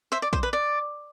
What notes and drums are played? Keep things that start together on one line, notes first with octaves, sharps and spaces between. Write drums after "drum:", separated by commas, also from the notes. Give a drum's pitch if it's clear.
C5 E5
D5
C5, drum: kick
B4
D5